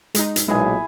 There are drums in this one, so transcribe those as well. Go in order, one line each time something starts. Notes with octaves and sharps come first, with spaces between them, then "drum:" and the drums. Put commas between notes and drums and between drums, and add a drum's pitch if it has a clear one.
G#3 D#4, drum: hi-hat
drum: hi-hat
B1 A#2 G#3 E4 G#4